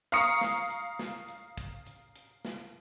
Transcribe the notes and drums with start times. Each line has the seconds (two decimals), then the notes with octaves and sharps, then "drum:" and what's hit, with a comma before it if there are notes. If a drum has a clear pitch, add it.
0.12 F5 A#5 C#6 D#6 C#7, drum: hi-hat
0.41 drum: snare
0.70 drum: hi-hat
0.99 drum: snare
1.28 drum: hi-hat
1.57 drum: kick
1.87 drum: hi-hat
2.16 drum: hi-hat
2.45 drum: snare